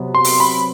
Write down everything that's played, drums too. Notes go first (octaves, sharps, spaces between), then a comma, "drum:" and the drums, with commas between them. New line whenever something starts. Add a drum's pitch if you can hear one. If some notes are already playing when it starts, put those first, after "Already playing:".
Already playing: C3 F#3 B3
C6
drum: open hi-hat
B5